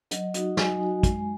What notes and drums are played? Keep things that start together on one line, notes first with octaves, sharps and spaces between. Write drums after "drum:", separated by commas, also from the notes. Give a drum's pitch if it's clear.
F#3 D#5, drum: hi-hat
D#4 F#4, drum: hi-hat
F#3 G#5, drum: snare
D#4 F#4
G#3, drum: kick, hi-hat